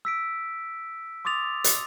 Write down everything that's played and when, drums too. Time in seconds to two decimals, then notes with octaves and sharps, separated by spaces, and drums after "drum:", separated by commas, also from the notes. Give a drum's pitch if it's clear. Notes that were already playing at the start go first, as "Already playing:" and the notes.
0.05 E6 B6 D7
1.25 C6 D6 D#6 A6 F7
1.64 drum: hi-hat